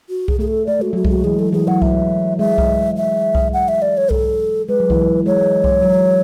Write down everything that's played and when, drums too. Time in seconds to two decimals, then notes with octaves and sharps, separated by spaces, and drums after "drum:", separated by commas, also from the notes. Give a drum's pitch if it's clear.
0.09 F#4
0.28 G#4, drum: kick C2
0.39 A3 G#4
0.48 A4
0.67 A3 D5
0.79 G#3 F#4
0.93 F#3 F#4
1.05 G#3, drum: kick C2
1.10 F#4
1.24 E3 G#4
1.39 F#3 A4
1.53 E3 G#4
1.68 F#3 F#5
1.82 E5, drum: kick C2
2.39 G#3 E5
2.58 drum: kick C2
2.96 E5
3.35 drum: kick C2
3.53 F#5
3.68 E5
3.82 D5
3.97 C#5
4.11 A4, drum: kick C2
4.68 G#3 B4
4.80 F#3
4.90 E3, drum: kick C2
5.01 F#3
5.26 G#3 C#5
5.64 drum: kick C2
5.83 F#3